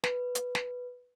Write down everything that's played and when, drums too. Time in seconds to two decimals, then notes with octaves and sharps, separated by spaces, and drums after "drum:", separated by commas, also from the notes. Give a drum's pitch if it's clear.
0.04 B4, drum: snare
0.35 drum: hi-hat
0.55 drum: snare